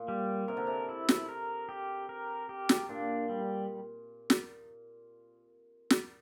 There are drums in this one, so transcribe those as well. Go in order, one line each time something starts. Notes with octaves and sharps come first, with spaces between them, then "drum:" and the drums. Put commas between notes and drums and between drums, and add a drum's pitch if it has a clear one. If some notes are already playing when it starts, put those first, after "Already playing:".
Already playing: A#2
G3
C3 A#4
D3
C3
E4
drum: snare
A#4
G4
A#4
G4
drum: snare
A#2 D4
G3
drum: snare
drum: snare